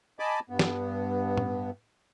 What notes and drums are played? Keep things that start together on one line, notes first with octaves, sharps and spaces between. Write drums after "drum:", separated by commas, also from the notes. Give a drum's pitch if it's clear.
D#5 G#5 A5 B5 D6
G2 B3
drum: snare
drum: tom